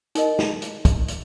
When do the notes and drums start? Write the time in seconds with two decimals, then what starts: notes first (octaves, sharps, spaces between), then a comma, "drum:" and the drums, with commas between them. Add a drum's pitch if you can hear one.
0.15 D#4 A#4 D#5, drum: hi-hat
0.39 drum: snare
0.62 drum: hi-hat
0.85 drum: kick, hi-hat
1.08 drum: hi-hat